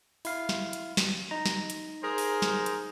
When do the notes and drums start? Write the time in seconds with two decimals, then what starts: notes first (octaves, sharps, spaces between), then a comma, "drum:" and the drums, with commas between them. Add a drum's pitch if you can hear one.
0.25 E4 F5, drum: open hi-hat
0.49 drum: snare
0.73 drum: hi-hat
0.97 drum: snare
1.31 D#4 A#5
1.46 drum: snare
1.70 drum: hi-hat
2.02 G#4 A#4 C5
2.18 drum: open hi-hat
2.42 drum: snare
2.66 drum: hi-hat